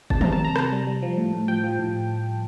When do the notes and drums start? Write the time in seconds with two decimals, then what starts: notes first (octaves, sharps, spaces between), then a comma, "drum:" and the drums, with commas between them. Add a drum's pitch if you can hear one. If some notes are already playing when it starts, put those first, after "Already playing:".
0.10 C3 A5, drum: kick G1
0.21 C3 A#5, drum: tom D#3
0.32 A5
0.40 C3 A#5
0.56 C3 A5, drum: rim click
0.72 G3
0.87 G3
1.03 F3
1.18 A2
1.33 A2
1.48 F3 G5
1.64 F3
1.79 A2